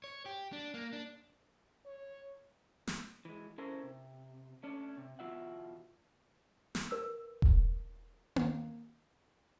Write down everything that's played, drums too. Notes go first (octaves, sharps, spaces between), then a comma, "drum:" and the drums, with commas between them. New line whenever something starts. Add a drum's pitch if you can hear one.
C#5
G4
D4
A#3
D4
C#5
drum: snare
E3 G#3
C#4 E4 A4 A#4 C5
C3
A3 C#4 D4
C3
E2 B2 G3 F4 E5 F#5
drum: snare
A#4 B4 E6
drum: kick E1
drum: tom A#3